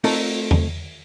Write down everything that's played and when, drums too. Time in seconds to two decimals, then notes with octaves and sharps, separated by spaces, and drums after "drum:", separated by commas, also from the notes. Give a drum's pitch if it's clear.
0.04 A3 C4 D#4 F4 A4 A#4, drum: open hi-hat
0.51 drum: tom E2